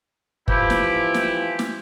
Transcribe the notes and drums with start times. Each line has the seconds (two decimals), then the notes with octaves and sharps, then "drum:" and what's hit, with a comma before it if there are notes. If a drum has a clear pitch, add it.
0.48 E3 F3 E4 G4, drum: kick
0.70 drum: snare
1.14 drum: snare
1.59 drum: snare